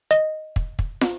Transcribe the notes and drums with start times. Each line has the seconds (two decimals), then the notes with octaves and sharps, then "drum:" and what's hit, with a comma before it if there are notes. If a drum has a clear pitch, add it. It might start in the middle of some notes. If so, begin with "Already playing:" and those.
0.11 D#5
0.56 drum: kick
0.79 drum: kick
1.01 drum: snare